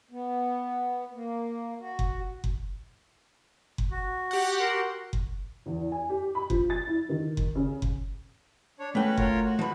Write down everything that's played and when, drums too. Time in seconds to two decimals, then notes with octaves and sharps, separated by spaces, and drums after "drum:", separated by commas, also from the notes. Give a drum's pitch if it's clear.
0.11 B3
1.14 A#3
1.79 F#4
1.99 drum: kick F#1
2.44 drum: kick F#1
3.78 drum: kick F#1
3.91 F#4
4.31 G4 F#5
4.60 F#4 A#4 C6
5.13 drum: kick F#1
5.66 E2
5.92 G#5
6.10 G4
6.35 B5
6.50 F3, drum: kick F#1
6.70 A6
6.87 E4
7.09 D#3
7.37 drum: kick F#1
7.55 C#3
7.82 drum: kick F#1
8.79 D4 C#5
8.95 A3 C#4 F#4 B4 G5
9.17 F4 A#4 C#5, drum: kick F#1
9.45 F#4
9.59 F3 B4